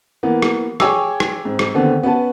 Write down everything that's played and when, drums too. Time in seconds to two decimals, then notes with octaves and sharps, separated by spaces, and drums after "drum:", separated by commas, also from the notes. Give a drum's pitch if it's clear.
0.23 E3 A#3 B3
0.42 drum: rim click
0.80 G#4 C#5 G5 G#5 D6 E6, drum: rim click
1.20 drum: rim click
1.45 G#2 C4
1.59 drum: rim click
1.74 D#2 D3 B3 C4
2.03 B3 C#4 B4 A5